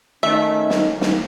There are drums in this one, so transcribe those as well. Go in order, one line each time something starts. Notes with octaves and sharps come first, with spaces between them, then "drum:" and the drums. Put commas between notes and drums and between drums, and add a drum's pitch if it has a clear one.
D#3 A3 C#4 E5
drum: snare
drum: snare